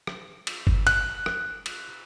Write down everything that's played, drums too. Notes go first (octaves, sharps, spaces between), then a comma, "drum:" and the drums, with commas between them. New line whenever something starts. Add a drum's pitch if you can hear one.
drum: rim click
drum: cymbal
drum: kick F#1
F#6, drum: cymbal
drum: rim click
drum: cymbal